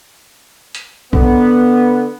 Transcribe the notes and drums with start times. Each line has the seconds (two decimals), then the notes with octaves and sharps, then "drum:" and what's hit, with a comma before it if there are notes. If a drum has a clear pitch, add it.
0.75 drum: hi-hat
1.13 D3 B3, drum: kick